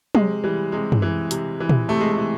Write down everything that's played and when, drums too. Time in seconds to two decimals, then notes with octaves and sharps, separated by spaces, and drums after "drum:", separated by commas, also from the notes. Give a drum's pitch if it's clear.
0.15 C3 G#3, drum: tom
0.44 E3 G3
0.72 C3 G#3
0.92 drum: tom
1.02 E3
1.31 C3, drum: hi-hat
1.60 E3
1.69 drum: tom
1.89 C3 A3
2.00 G#3
2.12 A3
2.18 E3